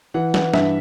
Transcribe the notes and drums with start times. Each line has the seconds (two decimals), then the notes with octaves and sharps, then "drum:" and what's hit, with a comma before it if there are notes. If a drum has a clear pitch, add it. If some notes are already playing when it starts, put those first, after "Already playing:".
0.14 E3 F#5
0.34 E3 F#5, drum: snare
0.54 G2 E5, drum: snare